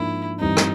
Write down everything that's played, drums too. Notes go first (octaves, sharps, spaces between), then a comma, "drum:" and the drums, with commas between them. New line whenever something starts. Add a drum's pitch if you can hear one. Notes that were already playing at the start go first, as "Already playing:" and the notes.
Already playing: G#2 F3 A#3 D4 E4
G2 E3 G3 C4 D#4
drum: rim click